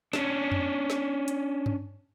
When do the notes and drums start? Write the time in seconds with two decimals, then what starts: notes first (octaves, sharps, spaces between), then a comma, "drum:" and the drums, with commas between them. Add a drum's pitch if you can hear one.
0.13 C#4 D4, drum: snare
0.52 drum: tom F2
0.90 drum: snare
1.28 drum: hi-hat
1.66 drum: tom G2